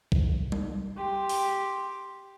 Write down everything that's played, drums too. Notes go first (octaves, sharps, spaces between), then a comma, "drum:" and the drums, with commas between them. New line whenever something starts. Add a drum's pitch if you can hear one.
drum: kick A#1
drum: tom G3
G4 C6
drum: open hi-hat